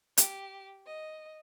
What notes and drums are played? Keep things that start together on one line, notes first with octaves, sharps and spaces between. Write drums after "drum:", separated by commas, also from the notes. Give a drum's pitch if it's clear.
G4, drum: hi-hat
D#5